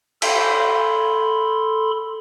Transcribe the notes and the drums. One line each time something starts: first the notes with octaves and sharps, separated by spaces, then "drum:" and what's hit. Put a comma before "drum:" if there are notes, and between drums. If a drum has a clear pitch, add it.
A4 B5 C6, drum: cymbal